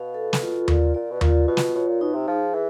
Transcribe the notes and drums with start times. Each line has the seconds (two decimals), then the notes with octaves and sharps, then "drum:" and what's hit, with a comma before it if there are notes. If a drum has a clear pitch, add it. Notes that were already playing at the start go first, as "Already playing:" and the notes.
Already playing: B2 F5
0.14 A4
0.33 drum: snare
0.42 F4
0.68 A#2 D5, drum: tom D#2
0.95 A#2 D5
1.11 B2
1.21 A#2 F4, drum: tom D#2
1.47 B2 F4
1.57 drum: snare
1.74 B2 C#5
1.88 A#2
2.01 B2 D#4
2.15 C3
2.27 F3 G#4
2.54 E3 G#4